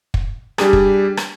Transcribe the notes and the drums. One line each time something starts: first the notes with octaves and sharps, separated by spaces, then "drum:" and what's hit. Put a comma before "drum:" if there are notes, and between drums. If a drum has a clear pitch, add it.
drum: kick
G3 D4 G4 G#4, drum: rim click
drum: kick
drum: rim click